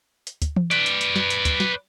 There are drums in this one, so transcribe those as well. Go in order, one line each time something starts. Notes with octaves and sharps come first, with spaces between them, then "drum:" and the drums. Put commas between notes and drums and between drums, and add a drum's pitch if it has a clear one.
drum: hi-hat
drum: kick, hi-hat
drum: tom E3
B4 D5, drum: hi-hat
drum: hi-hat
drum: hi-hat
drum: snare
drum: hi-hat
drum: kick, hi-hat
drum: snare